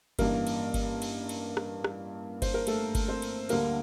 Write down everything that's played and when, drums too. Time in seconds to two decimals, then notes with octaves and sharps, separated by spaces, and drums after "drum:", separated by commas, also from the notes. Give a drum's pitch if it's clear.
0.19 A1 G2 E3 A#3 A#4, drum: kick G1, cymbal
0.47 drum: cymbal
0.74 drum: kick G1, cymbal
1.02 drum: cymbal
1.29 drum: cymbal
1.57 drum: rim click
1.84 drum: rim click
2.42 C5, drum: kick G1, cymbal
2.54 A#4
2.67 A3 A4, drum: cymbal
2.95 drum: kick G1, cymbal
3.08 C4 C5
3.22 drum: cymbal
3.49 D2 D3 G3 A#3 A#4, drum: cymbal